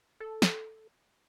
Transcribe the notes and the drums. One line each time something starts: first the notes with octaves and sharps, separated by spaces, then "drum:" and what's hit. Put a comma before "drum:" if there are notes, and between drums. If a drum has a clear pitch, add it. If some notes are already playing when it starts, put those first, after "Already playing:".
A4
drum: snare